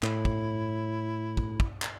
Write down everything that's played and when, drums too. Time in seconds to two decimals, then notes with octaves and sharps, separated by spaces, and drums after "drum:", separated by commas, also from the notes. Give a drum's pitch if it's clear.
0.03 A2 E4, drum: clap
0.25 drum: kick
1.37 drum: kick
1.60 drum: kick
1.82 drum: clap